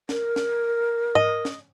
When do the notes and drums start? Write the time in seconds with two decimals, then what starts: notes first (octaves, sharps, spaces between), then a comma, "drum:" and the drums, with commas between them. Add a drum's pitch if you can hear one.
0.09 A#4, drum: snare
0.36 drum: snare
1.15 D#5, drum: tom G#2
1.45 drum: snare